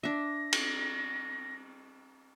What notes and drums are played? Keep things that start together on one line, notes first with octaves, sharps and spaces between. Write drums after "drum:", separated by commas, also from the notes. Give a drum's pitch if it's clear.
D4 E5 A#6
drum: cymbal